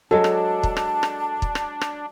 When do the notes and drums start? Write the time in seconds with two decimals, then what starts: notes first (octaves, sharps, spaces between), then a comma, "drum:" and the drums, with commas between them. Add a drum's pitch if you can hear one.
0.11 F#3 G#3 D4 A4 A5
0.24 drum: rim click
0.63 drum: kick
0.77 drum: rim click
1.03 drum: rim click
1.42 drum: kick
1.55 drum: rim click
1.81 drum: rim click